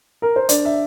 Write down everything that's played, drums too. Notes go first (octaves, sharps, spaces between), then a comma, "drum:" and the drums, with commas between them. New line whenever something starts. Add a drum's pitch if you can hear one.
A#4
C5
D4 D5, drum: hi-hat
E5